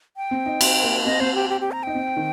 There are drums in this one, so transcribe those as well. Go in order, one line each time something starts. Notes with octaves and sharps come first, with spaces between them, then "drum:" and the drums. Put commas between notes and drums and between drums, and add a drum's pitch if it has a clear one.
G5
C4
D#4
C4, drum: cymbal
A#3
C4 D#5
C4 C5
G4
G4
G4
A#5
D#4 G5
C4
D#3